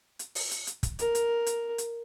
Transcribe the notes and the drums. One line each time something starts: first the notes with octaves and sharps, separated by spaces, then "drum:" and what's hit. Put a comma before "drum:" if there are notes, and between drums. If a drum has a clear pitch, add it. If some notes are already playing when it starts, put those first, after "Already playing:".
drum: hi-hat
drum: open hi-hat
drum: hi-hat
drum: hi-hat
drum: kick, hi-hat
A#4, drum: hi-hat
drum: hi-hat
drum: hi-hat
drum: hi-hat